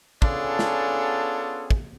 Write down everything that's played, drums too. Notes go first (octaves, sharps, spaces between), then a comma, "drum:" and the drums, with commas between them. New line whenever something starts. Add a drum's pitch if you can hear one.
B3 C#4 D4 F4 G#4 A4, drum: kick
drum: snare
drum: kick